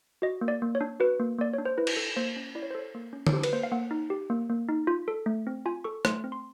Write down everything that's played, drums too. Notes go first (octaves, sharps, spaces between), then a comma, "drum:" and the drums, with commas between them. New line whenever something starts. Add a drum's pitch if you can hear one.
F#4 D#5
A#3
D5
A#3
C#5
D4
F#4 B4
A#3
A#3 D5
D4 C#5
C5
E4 B4
drum: cymbal
A4
A#3 C5
C#4
E4 D5
C#5
C5
A4 C#5
A#3
C#4
C#5, drum: tom D3
G4 C5
B4, drum: cymbal
A#3 C5
F5
A#3 F#5
D#4
G4
A#3
A#3
D#4
F4
A4
A3
C4
F4 G#5
A4 C#6
A3 C6, drum: rim click
C4
C6